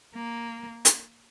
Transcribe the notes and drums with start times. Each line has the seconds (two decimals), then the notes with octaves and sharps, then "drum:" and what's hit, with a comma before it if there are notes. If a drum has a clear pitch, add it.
0.15 A#3
0.85 drum: hi-hat